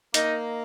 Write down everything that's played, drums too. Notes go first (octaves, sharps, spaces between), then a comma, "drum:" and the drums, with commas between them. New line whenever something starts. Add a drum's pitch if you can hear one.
A#3 D#4, drum: hi-hat